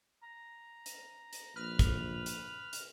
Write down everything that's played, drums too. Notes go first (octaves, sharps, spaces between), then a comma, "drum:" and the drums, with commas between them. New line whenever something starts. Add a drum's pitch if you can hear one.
A#5
drum: hi-hat
drum: hi-hat
A#1 B4 F6
drum: kick, hi-hat
drum: hi-hat
drum: hi-hat